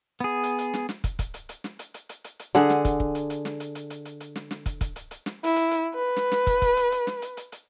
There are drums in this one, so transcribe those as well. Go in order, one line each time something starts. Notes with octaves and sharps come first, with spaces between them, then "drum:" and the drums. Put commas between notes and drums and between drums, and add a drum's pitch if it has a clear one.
B3 G#4
drum: hi-hat
drum: hi-hat
drum: snare
drum: snare
drum: kick, hi-hat
drum: kick, hi-hat
drum: hi-hat
drum: hi-hat
drum: snare
drum: hi-hat
drum: hi-hat
drum: hi-hat
drum: hi-hat
drum: hi-hat
D3 G#4 F#5, drum: snare
drum: snare
drum: kick, hi-hat
drum: kick
drum: hi-hat
drum: hi-hat
drum: snare
drum: hi-hat
drum: hi-hat
drum: hi-hat
drum: hi-hat
drum: hi-hat
drum: snare
drum: snare
drum: kick, hi-hat
drum: kick, hi-hat
drum: hi-hat
drum: hi-hat
drum: snare
E4, drum: hi-hat
drum: hi-hat
drum: hi-hat
B4
drum: snare
drum: snare
drum: kick, hi-hat
drum: kick, hi-hat
drum: hi-hat
drum: hi-hat
drum: snare
drum: hi-hat
drum: hi-hat
drum: hi-hat